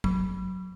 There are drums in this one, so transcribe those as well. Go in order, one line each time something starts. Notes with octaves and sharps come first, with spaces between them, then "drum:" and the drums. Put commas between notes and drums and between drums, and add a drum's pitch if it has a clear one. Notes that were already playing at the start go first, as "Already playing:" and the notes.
F#3, drum: kick